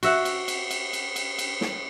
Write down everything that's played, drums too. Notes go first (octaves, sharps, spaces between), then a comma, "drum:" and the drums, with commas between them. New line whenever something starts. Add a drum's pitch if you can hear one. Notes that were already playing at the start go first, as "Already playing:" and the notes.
F#4 E5 F#5, drum: cymbal
drum: cymbal
drum: cymbal
drum: cymbal
drum: cymbal
drum: cymbal
drum: cymbal
drum: snare